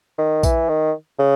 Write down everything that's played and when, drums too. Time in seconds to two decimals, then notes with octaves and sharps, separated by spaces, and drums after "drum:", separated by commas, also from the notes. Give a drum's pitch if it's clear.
0.18 D#3
0.43 E3, drum: kick A#1, tambourine
0.69 D#3
1.19 C#3